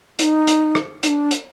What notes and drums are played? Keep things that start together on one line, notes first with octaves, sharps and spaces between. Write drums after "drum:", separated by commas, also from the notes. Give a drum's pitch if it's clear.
E4, drum: hi-hat
D#4
drum: hi-hat
drum: rim click
D#4, drum: hi-hat
D4
drum: hi-hat